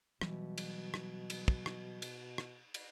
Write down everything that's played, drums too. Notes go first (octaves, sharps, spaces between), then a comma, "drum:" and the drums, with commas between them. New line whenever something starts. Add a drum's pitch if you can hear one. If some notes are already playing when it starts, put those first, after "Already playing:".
B2 E3 F#3 G3, drum: rim click
drum: cymbal
drum: rim click
drum: cymbal
drum: kick
drum: rim click
drum: cymbal
drum: rim click
drum: cymbal